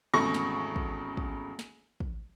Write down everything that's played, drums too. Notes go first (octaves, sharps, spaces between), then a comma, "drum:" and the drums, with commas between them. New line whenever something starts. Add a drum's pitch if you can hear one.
G#1 E2 C#3 A3 C#6 A#6
drum: snare
drum: kick
drum: kick
drum: snare
drum: kick